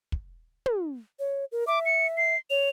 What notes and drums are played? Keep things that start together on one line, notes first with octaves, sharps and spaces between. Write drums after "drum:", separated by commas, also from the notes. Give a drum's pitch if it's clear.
drum: kick
drum: tom
C#5
A#4
E5 D6
C#7
C7
C#5 F7